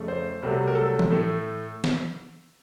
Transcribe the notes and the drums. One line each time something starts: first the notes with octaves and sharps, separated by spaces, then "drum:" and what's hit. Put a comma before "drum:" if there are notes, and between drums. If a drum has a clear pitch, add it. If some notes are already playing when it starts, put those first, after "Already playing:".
Already playing: F2 C#3 A3
C5
C2 C3 F#3 A3
A#4
A4
drum: tom E3
A2 A3
drum: snare